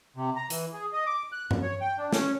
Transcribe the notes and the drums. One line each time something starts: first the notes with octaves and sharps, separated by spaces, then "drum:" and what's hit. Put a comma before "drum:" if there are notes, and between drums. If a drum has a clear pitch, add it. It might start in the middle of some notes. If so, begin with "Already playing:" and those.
C3
A#5
E3, drum: hi-hat
G#4
D#5
D6
F#6
F#2, drum: tom G2
C#5
G5
D4
C#4, drum: snare